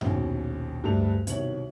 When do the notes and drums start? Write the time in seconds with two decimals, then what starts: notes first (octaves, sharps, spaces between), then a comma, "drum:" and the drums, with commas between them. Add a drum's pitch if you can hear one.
0.01 A#1 D#2 B2 C#4, drum: tom F#2
0.83 D1 G2 G3 A3 A5 F7
1.27 C2 B2 D#3 C#5 F#7, drum: hi-hat